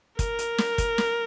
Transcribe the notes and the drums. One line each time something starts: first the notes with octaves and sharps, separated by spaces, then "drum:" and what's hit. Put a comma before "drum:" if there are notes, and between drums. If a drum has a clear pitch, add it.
A#4, drum: kick, hi-hat
drum: hi-hat
drum: snare
drum: kick, hi-hat
drum: snare